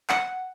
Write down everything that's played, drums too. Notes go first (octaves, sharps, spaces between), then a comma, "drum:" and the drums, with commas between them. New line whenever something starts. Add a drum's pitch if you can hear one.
F#5, drum: clap